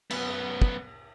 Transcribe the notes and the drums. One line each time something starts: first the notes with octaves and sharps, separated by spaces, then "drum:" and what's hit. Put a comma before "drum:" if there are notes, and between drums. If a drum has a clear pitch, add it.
F#2 B3, drum: cymbal
drum: kick